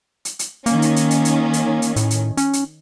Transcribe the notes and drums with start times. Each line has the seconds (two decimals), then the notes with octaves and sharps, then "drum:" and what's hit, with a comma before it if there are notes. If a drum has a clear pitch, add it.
0.25 drum: hi-hat
0.39 drum: hi-hat
0.66 D#3 A#3 C#4, drum: hi-hat
0.82 drum: hi-hat
0.96 drum: hi-hat
1.11 drum: hi-hat
1.25 drum: hi-hat
1.53 drum: hi-hat
1.82 drum: hi-hat
1.96 A2, drum: hi-hat
2.11 drum: hi-hat
2.37 C#4, drum: hi-hat
2.53 drum: hi-hat